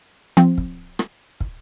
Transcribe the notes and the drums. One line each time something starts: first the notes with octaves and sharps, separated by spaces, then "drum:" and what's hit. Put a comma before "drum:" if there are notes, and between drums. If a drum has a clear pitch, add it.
F3 C4, drum: rim click
drum: kick
drum: rim click
drum: kick